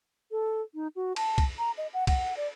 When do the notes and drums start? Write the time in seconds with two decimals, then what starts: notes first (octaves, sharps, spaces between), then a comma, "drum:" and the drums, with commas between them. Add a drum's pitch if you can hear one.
0.31 A4
0.75 D#4
0.96 F#4
1.16 A5, drum: cymbal
1.38 drum: kick C2, cymbal
1.58 A#5
1.78 D#5
1.94 F#5
2.07 F#5, drum: kick C2, cymbal
2.37 D5